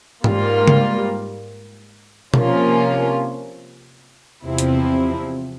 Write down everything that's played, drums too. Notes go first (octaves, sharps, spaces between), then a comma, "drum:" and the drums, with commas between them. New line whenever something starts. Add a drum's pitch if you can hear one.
G#2 G3 A#3 F4, drum: tom G#2
drum: tom C#3
C3 F3 A#3 C#4 F4, drum: tom B2
E2 C3 F3 C4 E4
drum: hi-hat